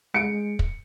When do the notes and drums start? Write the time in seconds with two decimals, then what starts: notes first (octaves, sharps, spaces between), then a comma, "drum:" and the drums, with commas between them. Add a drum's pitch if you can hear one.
0.14 G#3 C#7 D7
0.59 drum: kick